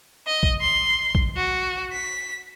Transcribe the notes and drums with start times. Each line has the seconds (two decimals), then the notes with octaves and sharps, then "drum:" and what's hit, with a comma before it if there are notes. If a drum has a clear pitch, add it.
0.27 D#5
0.43 drum: kick A#1
0.61 C6
1.15 drum: kick A#1
1.37 F#4
1.93 B6